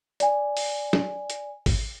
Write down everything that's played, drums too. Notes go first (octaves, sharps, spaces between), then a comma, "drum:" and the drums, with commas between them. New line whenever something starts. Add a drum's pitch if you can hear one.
D5 G#5, drum: hi-hat
drum: open hi-hat
drum: snare
drum: hi-hat
drum: kick G#1, open hi-hat